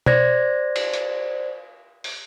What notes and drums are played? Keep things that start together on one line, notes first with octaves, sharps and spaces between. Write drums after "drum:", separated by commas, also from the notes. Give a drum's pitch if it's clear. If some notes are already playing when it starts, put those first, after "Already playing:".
C5 D5 G#6 A#6, drum: tom
drum: cymbal
drum: hi-hat
drum: open hi-hat